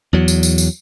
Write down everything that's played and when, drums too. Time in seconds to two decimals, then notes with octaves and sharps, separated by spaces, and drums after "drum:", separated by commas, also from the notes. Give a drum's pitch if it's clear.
0.13 E2 F#3
0.28 drum: tambourine
0.43 drum: tambourine
0.58 drum: tambourine